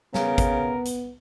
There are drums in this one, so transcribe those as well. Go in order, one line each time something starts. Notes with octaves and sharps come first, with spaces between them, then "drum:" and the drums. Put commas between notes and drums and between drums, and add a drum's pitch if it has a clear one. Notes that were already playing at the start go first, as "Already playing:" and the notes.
C#3 B3 A#4, drum: snare
drum: kick G#1, hi-hat
drum: hi-hat